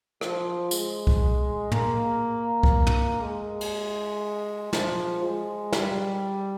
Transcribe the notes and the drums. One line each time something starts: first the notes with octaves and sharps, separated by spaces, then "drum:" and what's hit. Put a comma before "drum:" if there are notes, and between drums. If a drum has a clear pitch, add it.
F3, drum: rim click
G#3, drum: tambourine
drum: kick B1
A#3, drum: tom
drum: kick B1
drum: tom
G#3
drum: cymbal
F3, drum: snare
G#3
G3, drum: snare